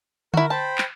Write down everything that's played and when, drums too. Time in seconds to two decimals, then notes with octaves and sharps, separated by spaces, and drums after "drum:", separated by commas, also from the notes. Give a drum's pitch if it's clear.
0.34 E4 F#4 A#4, drum: tom D3
0.50 C5 G5 A5 B5
0.78 drum: clap